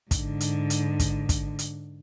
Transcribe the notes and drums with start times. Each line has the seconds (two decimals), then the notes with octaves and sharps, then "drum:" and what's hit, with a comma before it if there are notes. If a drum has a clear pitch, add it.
0.11 G#2 D3, drum: kick, hi-hat
0.41 drum: hi-hat
0.70 drum: hi-hat
1.00 drum: kick, hi-hat
1.29 drum: kick, hi-hat
1.59 drum: hi-hat